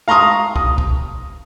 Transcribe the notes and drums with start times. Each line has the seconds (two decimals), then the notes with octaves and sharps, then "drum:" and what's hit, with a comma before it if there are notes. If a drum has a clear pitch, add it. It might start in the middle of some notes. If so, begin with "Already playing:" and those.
0.08 F5 A#5 C6 C#6 D#6
0.56 D#6, drum: kick
0.78 drum: kick